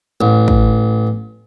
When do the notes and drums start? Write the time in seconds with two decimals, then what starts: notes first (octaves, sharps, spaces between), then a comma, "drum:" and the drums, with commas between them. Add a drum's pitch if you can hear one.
0.21 A1
0.48 drum: kick